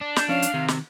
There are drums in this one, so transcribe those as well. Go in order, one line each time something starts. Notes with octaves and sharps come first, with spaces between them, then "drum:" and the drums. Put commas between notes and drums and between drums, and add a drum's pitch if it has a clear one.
D4
G6, drum: snare
F3 C#4 D5 F5
drum: hi-hat
C3 D#3
drum: snare